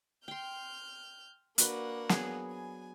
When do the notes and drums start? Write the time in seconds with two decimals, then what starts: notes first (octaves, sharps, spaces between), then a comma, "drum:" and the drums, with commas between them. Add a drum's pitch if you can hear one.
0.28 G5 C6 F6 G6
1.58 A#3 D4 F#4 B4 F#5, drum: hi-hat
2.09 F#3 B3 G#4, drum: snare
2.52 G#5